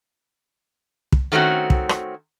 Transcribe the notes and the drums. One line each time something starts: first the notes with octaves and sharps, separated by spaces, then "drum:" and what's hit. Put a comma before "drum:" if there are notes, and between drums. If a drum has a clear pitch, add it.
drum: kick
D#3 A3 C4 C#4 F#4
drum: kick
drum: rim click